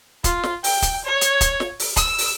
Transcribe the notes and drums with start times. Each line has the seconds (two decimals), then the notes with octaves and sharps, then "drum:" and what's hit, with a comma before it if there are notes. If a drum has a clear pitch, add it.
0.24 F4, drum: kick, hi-hat
0.43 drum: snare
0.64 G5, drum: open hi-hat
0.82 drum: kick, hi-hat
1.05 C#5
1.21 drum: hi-hat
1.41 drum: kick, hi-hat
1.60 drum: snare
1.79 drum: open hi-hat
1.96 E6, drum: kick, hi-hat
2.18 drum: open hi-hat